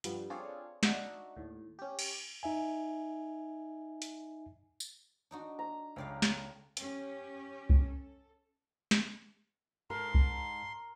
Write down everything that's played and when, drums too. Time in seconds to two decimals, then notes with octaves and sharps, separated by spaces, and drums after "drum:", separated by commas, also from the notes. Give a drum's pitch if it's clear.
0.04 G2 F3 G3 B3, drum: hi-hat
0.30 C4 D4 F4 G#4 A4 C#5
0.83 D4 D#4 F#4 E5, drum: snare
1.36 D#2 A2
1.79 C#4 G4
1.99 drum: cymbal
2.43 D#4 E5 G#5
4.02 drum: hi-hat
4.80 drum: tambourine
5.31 D4 D#4 F#4
5.59 A#5
5.96 C#2 A3 C#4 D5 F5 G5
6.22 drum: snare
6.77 C#4 G4, drum: hi-hat
7.70 drum: kick C2
7.84 A4
8.91 drum: snare
9.90 G#2 A#4 A5 C6
10.14 drum: kick C2